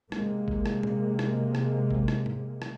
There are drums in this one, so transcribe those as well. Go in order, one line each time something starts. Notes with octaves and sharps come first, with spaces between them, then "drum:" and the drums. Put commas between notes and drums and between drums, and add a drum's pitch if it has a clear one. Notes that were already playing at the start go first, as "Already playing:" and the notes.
C3 G#3 A#3, drum: rim click
drum: kick
drum: rim click
drum: tom
drum: rim click
drum: rim click
drum: kick
drum: rim click
drum: tom G#2
drum: rim click